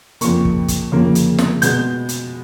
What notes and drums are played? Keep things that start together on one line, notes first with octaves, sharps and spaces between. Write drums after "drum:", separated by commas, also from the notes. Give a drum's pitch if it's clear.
F2 C#3 F3 A#3 C#6, drum: hi-hat
drum: kick
drum: kick, hi-hat
F2 C#3 F3 A#3
drum: hi-hat
drum: snare
B2 G#3 B3 G6, drum: hi-hat
drum: hi-hat